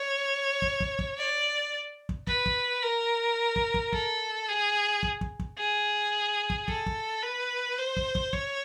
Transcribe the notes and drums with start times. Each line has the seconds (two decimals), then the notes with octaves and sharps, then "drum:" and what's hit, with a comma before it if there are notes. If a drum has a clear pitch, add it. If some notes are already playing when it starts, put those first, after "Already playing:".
Already playing: C#5
0.62 drum: kick
0.80 drum: kick
0.99 drum: kick
1.18 D5
2.09 drum: kick
2.27 B4, drum: kick
2.46 drum: kick
2.82 A#4
3.56 drum: kick
3.74 drum: kick
3.93 A4, drum: kick
4.48 G#4
5.03 drum: kick
5.21 drum: kick
5.39 drum: kick
5.58 G#4
6.50 drum: kick
6.68 A4, drum: kick
6.86 drum: kick
7.23 B4
7.78 C5
7.97 drum: kick
8.15 drum: kick
8.33 C#5, drum: kick